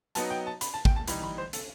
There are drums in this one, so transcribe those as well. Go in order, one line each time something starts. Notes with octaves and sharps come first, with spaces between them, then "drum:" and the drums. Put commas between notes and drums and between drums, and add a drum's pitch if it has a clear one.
F#3 B3 D#4 A5, drum: hi-hat
G5
A5
B5, drum: hi-hat
A5
G5, drum: kick G#1
A5
E3 G3 D#4 B5, drum: hi-hat
B5
C5
A4, drum: hi-hat